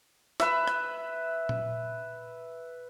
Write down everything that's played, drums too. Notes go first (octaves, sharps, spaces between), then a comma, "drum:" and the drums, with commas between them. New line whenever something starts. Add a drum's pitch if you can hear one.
B4 E5, drum: snare
drum: rim click
drum: tom A#2